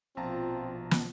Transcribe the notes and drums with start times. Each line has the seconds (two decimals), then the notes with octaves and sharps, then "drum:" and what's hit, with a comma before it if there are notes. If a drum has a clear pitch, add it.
0.17 A#1 B2 F3 C4 F4 A5 A#5
0.91 drum: snare